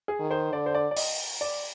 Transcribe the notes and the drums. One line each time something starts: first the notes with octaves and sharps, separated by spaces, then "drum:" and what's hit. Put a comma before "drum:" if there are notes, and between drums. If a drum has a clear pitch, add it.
G#4
D#3
C5
D3 D5
C5
D5
D5
D#5, drum: open hi-hat
D5